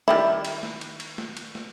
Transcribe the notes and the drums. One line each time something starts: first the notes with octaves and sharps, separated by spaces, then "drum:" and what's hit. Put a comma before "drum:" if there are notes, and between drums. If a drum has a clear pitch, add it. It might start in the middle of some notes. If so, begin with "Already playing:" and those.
D#3 G3 E4, drum: snare
drum: cymbal
drum: snare
drum: cymbal
drum: cymbal
drum: snare
drum: cymbal
drum: snare